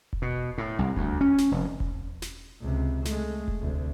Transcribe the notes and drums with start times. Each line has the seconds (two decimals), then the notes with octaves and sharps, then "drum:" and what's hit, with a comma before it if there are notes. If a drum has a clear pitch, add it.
0.13 drum: kick E1
0.22 B2
0.58 A2
0.79 C2
0.96 D2, drum: kick E1
1.21 C#4
1.38 drum: snare
1.51 F1
1.80 drum: kick E1
2.22 drum: snare
2.61 C#2 C3
3.05 G#3 A3, drum: snare
3.48 drum: kick E1
3.60 D2 C3